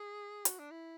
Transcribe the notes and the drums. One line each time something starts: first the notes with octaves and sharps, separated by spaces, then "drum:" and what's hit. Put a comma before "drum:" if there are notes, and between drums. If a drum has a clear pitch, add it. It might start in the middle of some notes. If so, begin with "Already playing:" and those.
Already playing: G#4
F#4, drum: hi-hat
D4
E4